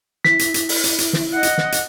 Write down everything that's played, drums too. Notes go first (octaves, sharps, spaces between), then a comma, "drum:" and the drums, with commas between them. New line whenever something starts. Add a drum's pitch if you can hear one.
E4 B6, drum: snare
drum: hi-hat
drum: hi-hat
drum: open hi-hat
drum: hi-hat
drum: hi-hat
drum: snare
D#5 F#5
drum: hi-hat
drum: snare
drum: hi-hat